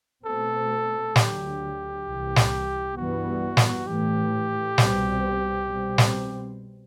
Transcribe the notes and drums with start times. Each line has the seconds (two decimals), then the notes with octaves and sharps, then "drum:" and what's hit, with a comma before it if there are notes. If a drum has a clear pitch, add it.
0.25 B2 A3 C4 A4
1.16 D2 D3 F#3 G4, drum: snare
2.07 C2 C3 E3
2.36 drum: snare
2.96 G2 E3 G3 B3 F#4
3.57 drum: snare
3.87 A2 E3 A3 G4
4.78 C2 B2 G3 C4, drum: snare
5.68 B2 G3 C4
5.98 drum: snare